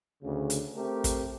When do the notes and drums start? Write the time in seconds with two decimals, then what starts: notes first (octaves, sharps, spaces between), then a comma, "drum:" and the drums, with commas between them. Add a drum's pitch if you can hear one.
0.23 D2 C#3
0.50 drum: hi-hat
0.76 A3 C4 G4 A#4
1.04 drum: kick, hi-hat